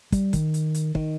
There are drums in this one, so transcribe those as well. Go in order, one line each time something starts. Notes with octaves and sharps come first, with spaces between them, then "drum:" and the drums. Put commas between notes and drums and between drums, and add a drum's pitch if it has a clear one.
G3, drum: kick, hi-hat
D#3, drum: kick, hi-hat
drum: hi-hat
drum: hi-hat
D#3, drum: kick